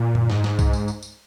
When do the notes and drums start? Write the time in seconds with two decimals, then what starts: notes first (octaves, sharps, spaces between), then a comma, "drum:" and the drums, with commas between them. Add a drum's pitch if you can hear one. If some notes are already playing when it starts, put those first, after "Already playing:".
Already playing: A#2
0.15 drum: tom F#2
0.30 G#2, drum: snare
0.44 drum: snare
0.59 drum: kick C2, tambourine
0.73 drum: tambourine
0.88 drum: tambourine
1.02 drum: tambourine